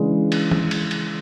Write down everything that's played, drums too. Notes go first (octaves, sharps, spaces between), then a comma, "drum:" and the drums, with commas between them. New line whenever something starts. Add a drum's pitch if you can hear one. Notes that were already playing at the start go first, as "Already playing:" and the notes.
Already playing: C#3 E3 G#3 D4
drum: cymbal
drum: tom D#3
drum: cymbal
drum: cymbal